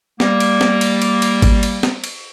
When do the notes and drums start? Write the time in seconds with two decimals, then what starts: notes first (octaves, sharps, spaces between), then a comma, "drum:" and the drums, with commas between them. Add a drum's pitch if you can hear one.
0.20 G3 A#3, drum: snare
0.40 drum: cymbal
0.61 drum: snare
0.81 drum: cymbal
1.02 drum: cymbal
1.22 drum: cymbal
1.42 drum: kick G#1, cymbal
1.63 drum: cymbal
1.83 drum: snare
2.04 drum: cymbal